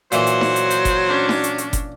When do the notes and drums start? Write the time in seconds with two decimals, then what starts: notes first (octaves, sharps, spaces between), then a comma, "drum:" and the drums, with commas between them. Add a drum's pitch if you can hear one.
0.12 A#2 E3 F#3 C5, drum: hi-hat
0.27 drum: hi-hat
0.41 drum: snare D#4
0.56 drum: hi-hat
0.70 drum: hi-hat
0.85 drum: kick F#1, hi-hat
1.07 C#4 D4
1.29 drum: snare D#4
1.44 drum: hi-hat
1.58 drum: hi-hat
1.73 drum: kick F#1, hi-hat